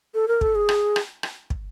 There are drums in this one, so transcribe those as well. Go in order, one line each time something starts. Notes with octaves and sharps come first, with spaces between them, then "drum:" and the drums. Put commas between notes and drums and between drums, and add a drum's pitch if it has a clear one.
A4
A#4
A4, drum: kick
G#4
drum: rim click
drum: rim click
drum: rim click
drum: kick